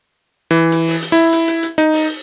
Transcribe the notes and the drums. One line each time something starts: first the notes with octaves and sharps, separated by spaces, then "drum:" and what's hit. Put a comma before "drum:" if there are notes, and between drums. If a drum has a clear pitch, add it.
E3
drum: hi-hat
drum: open hi-hat
drum: hi-hat
E4
drum: hi-hat
drum: hi-hat
drum: hi-hat
D#4, drum: hi-hat
drum: open hi-hat